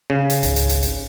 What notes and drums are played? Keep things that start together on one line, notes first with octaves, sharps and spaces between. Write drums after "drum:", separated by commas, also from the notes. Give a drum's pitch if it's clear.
C#3
drum: hi-hat
G#1 C#2, drum: hi-hat
drum: hi-hat
drum: hi-hat
drum: hi-hat